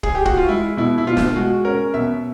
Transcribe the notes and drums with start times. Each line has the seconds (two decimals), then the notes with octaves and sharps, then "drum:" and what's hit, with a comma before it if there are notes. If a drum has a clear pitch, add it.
0.03 G#4, drum: kick
0.15 G4
0.25 F#4, drum: kick
0.37 F4
0.49 G#3 E4
0.77 B2 E4
0.98 E4
1.07 B2 F4
1.17 drum: snare
1.36 G#3 F#4
1.65 C#4 A#4
1.94 B2 E5